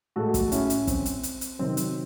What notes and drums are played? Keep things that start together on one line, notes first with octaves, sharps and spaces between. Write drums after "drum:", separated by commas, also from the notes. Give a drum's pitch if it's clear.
A2 G#3 F#4 A4
drum: kick, hi-hat
C#4 E4, drum: hi-hat
drum: hi-hat
C4, drum: kick, hi-hat
drum: hi-hat
drum: hi-hat
drum: hi-hat
C3 D#3 F#3 C4
drum: hi-hat